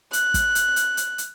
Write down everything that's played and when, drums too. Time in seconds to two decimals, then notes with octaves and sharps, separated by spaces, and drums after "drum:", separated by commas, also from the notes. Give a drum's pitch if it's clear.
0.13 F#6, drum: hi-hat
0.34 drum: kick, hi-hat
0.55 drum: hi-hat
0.76 drum: hi-hat
0.97 drum: hi-hat
1.18 drum: hi-hat